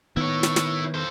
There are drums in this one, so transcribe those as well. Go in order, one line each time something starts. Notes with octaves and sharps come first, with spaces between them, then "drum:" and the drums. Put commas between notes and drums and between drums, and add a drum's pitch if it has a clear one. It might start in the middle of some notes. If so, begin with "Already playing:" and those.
D#3 B3 E4 C#5
drum: snare
drum: snare
A4 C5